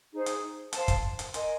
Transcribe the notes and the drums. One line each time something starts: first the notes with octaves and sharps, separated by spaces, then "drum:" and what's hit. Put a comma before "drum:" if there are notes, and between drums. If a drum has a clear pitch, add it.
D#4 G#4 C5
drum: hi-hat
C5 F5 A5, drum: hi-hat
drum: kick, hi-hat
drum: hi-hat
A#4 D#5 G#5 C6, drum: hi-hat